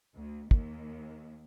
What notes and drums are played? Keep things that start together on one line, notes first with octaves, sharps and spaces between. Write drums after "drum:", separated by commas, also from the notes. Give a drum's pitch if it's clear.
D2
D#2, drum: kick